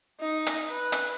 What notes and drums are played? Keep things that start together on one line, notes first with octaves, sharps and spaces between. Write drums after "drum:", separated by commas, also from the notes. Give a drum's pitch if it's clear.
D#4
drum: hi-hat
B4
drum: hi-hat